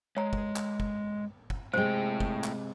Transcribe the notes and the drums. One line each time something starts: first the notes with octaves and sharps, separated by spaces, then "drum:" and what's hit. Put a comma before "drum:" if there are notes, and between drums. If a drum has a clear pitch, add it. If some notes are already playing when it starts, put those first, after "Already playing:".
G#3 C#5 A#5
drum: kick
drum: clap
drum: kick
drum: kick
A2 C3 G#3 C5 G5
drum: kick
drum: clap